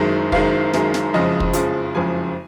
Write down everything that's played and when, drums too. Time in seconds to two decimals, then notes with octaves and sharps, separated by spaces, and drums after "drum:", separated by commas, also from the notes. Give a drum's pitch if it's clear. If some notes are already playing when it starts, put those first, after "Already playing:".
Already playing: F#1 F#2 D#3 G#3
0.32 F#1 F#2 D#3 G#3 F5, drum: kick
0.73 F#1 F#2 D#3 G#3, drum: snare
0.94 drum: snare
1.13 F#1 F2 C#3 F3 G#3 D#5
1.40 drum: kick
1.53 F#1 F2 C#3 F3 G#3, drum: hi-hat
1.95 F#1 F2 C#3 F3 G#3 G#5